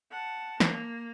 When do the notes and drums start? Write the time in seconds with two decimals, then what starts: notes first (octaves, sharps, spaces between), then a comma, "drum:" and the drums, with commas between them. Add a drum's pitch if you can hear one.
0.11 F#5 A5
0.60 A#3, drum: snare